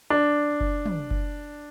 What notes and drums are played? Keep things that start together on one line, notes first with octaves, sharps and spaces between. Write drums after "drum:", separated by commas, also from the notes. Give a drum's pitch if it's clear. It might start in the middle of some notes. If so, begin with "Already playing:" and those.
D4
drum: kick F#1
drum: tom
drum: kick F#1